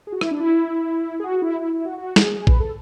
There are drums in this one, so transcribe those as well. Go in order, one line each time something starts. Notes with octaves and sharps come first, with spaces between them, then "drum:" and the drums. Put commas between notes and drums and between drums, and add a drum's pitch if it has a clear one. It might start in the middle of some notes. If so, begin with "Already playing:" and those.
G#4
F#4
E4, drum: rim click
D4
E4
G#4
F#4
E4
E4
E4
F#4
F#4
G#4, drum: snare
G#4
B4, drum: kick A#1
A4